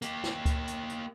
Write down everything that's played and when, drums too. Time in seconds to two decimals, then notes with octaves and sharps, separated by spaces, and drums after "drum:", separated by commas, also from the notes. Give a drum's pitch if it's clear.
0.02 A#3 G4, drum: hi-hat
0.24 drum: snare
0.46 drum: kick C#2, hi-hat
0.67 drum: hi-hat
0.89 drum: hi-hat